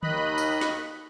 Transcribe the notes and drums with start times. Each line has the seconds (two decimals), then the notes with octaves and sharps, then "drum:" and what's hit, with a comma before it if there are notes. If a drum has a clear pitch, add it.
0.03 D#2 D#3 D#5 B5 F#6, drum: tom D3
0.38 drum: tambourine
0.61 drum: snare